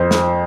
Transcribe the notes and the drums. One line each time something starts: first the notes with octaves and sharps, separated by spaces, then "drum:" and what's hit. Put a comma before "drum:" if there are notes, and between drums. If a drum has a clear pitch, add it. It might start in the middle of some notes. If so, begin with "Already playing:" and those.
Already playing: F2 C5
drum: snare